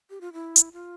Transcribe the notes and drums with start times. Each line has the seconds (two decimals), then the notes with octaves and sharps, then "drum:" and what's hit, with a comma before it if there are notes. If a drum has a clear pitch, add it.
0.10 G4
0.21 F4
0.33 E4
0.56 drum: hi-hat
0.73 F4